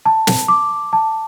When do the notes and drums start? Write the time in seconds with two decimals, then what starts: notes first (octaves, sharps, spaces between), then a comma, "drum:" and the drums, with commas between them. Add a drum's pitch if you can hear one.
0.06 A5
0.27 drum: snare
0.48 D6
0.93 A5